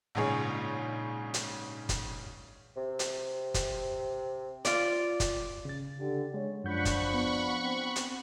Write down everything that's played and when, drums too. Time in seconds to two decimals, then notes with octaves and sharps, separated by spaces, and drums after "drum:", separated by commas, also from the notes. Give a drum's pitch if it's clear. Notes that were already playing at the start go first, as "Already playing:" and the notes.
0.15 A#1 G#2 C#3 G#4 C#5
1.34 drum: hi-hat
1.89 drum: kick, hi-hat
2.76 C3
2.99 drum: hi-hat
3.54 drum: kick, hi-hat
4.65 F4 D5, drum: hi-hat
5.20 drum: kick, hi-hat
5.65 C#3 A6
5.99 D3 G4
6.34 G#3 C#5
6.64 F#2 F3 D4 F#5 B5 C#6 G6
6.85 drum: kick, hi-hat
7.14 B3
7.63 C4
7.96 drum: hi-hat